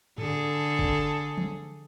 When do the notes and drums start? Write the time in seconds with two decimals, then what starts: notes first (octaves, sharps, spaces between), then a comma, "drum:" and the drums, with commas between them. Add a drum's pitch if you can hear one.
0.18 D3 G#4 A4, drum: tom G2
0.79 drum: kick G1
1.37 drum: tom E3